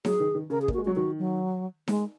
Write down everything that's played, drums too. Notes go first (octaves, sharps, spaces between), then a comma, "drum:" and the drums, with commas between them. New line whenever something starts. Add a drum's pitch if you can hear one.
F#3 G#4, drum: snare D#4
D#3
D#3
C#3 A#4
G#4
A#3, drum: kick
F#4
G#3
F#3 F#4
D#3 F#4
F#3
G#3, drum: snare D#4